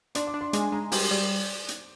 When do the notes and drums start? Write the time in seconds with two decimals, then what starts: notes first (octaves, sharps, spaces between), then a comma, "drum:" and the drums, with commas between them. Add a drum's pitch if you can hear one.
0.15 D4 C6, drum: hi-hat
0.27 D6
0.34 D4
0.41 C6
0.53 G#3 G#5, drum: hi-hat
0.72 G#3 A#5
0.92 G3 C5, drum: open hi-hat
1.11 G3 D5
1.68 drum: hi-hat